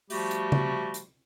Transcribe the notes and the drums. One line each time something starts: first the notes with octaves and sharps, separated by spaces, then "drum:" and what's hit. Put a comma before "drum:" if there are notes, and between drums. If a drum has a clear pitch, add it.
F3 G3 A3 F#4 G4, drum: open hi-hat
drum: hi-hat
drum: tom C#3
drum: hi-hat